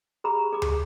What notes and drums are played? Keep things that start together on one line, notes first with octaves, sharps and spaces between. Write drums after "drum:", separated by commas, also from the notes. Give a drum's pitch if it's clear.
G4 G#4 A#5 B5
G#4 D6
drum: tom D2